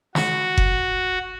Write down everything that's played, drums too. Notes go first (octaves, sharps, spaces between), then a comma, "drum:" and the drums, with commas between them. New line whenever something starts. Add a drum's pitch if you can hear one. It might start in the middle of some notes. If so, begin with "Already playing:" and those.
F#4, drum: snare
drum: kick F#1